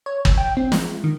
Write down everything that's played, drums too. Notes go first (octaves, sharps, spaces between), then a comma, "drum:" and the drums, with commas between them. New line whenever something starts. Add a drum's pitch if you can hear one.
C#5
B1, drum: kick G1
G5
C4
G#3, drum: snare
D#3